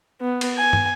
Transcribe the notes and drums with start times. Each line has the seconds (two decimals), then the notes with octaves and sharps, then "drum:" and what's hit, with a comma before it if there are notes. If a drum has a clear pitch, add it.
0.21 B3
0.41 drum: cymbal
0.58 G#5
0.73 drum: tom